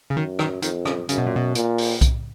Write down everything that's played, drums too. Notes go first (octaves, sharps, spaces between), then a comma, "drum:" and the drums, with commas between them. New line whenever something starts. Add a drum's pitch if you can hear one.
C#3
F#2 D#3
D#3, drum: rim click
F2 D#3, drum: hi-hat
C#3, drum: rim click
F#2 C#3, drum: hi-hat
B2
A#2
B2
A#2, drum: hi-hat
drum: open hi-hat
drum: kick B1, hi-hat